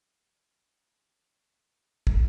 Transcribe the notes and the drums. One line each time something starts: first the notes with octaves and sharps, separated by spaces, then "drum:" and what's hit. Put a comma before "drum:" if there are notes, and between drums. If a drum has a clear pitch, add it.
D4
F4 E5
G5
drum: kick